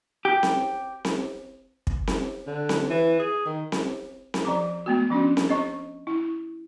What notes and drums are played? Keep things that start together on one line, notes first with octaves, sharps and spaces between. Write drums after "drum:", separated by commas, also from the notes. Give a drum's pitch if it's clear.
G4
drum: snare C4
drum: snare C4
drum: kick
drum: snare C4
D3
drum: snare C4
E3
G#4
D#3
drum: snare C4
drum: snare C4
F3 A#5 D6
A3 B3 F#4
F3 C#4 D4 F#4
drum: snare C4
C4 D#5 C#6
E4